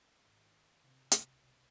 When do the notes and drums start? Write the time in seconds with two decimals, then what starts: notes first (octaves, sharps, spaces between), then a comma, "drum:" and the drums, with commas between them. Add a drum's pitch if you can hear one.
0.14 G#1
0.82 C3
1.12 drum: hi-hat
1.31 B1